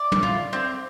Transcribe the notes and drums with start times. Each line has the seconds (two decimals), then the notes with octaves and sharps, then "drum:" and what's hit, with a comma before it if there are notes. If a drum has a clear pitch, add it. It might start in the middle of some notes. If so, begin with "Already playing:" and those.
Already playing: D5
0.12 drum: tom
0.23 F4
0.53 C4